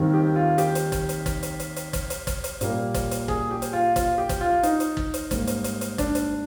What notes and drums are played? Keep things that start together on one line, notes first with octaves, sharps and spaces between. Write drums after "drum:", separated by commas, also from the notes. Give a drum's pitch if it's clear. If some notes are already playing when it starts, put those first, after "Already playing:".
Already playing: D#2 D#3 G3 C4
G4
F4
G4, drum: hi-hat
drum: hi-hat
drum: kick, hi-hat
drum: hi-hat
drum: kick, hi-hat
drum: hi-hat
drum: hi-hat
drum: hi-hat
drum: kick, hi-hat
drum: hi-hat
drum: kick, hi-hat
drum: hi-hat
A#2 G3 A#3, drum: hi-hat
drum: kick, hi-hat
drum: hi-hat
G#4, drum: kick
G4
drum: hi-hat
F4
F4, drum: kick, hi-hat
G4
drum: kick, hi-hat
F4
D#4, drum: hi-hat
drum: hi-hat
drum: kick
drum: hi-hat
G#2 G3 A#3, drum: kick, hi-hat
drum: hi-hat
drum: hi-hat
drum: hi-hat
D4, drum: kick, hi-hat
drum: hi-hat